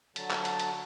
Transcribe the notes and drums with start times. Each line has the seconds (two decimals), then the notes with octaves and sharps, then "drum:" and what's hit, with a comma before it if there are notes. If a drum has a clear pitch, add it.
0.16 D3 F#3 A5, drum: hi-hat
0.31 drum: clap
0.45 drum: hi-hat
0.60 drum: hi-hat